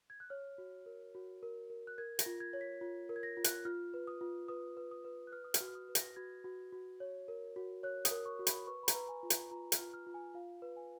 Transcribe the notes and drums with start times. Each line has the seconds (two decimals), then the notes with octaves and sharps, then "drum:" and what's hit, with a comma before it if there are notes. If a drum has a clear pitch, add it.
0.10 G#6
0.20 F#6
0.30 C#5 F6
0.58 F#4
0.86 A#4
1.15 F#4
1.43 A#4
1.70 A#4
1.87 F#6
1.98 A#4 G#6
2.19 A#6, drum: hi-hat
2.26 F4
2.40 G#6
2.53 C#5
2.61 B6
2.81 F4
3.09 A#4
3.16 G#6
3.23 A#6
3.37 F4
3.44 F#6, drum: hi-hat
3.65 F4 F6
3.94 B4
4.07 D#6
4.21 F4
4.48 B4 D#6
4.77 B4
4.91 D#6
5.05 B4
5.27 F#6
5.32 B4 F6
5.44 D#6
5.54 F6, drum: hi-hat
5.61 F#4
5.68 F6
5.75 D#6
5.89 B4
5.95 A#6, drum: hi-hat
6.16 F#4 G#6
6.44 F#4
6.72 F#4
7.00 C#5
7.28 A#4
7.56 F#4
7.83 C#5 F#6
8.05 D#6, drum: hi-hat
8.11 A#4
8.26 C#6
8.39 F#4
8.47 B5, drum: hi-hat
8.67 B4 C#6
8.83 B5
8.88 A#5, drum: hi-hat
8.95 B4
9.09 G#5
9.23 F4
9.30 A#5, drum: hi-hat
9.51 F4 A#5
9.72 F6, drum: hi-hat
9.79 F4
9.94 F6
10.07 F4
10.14 G#5
10.34 F4 F5
10.62 B4
10.77 G#5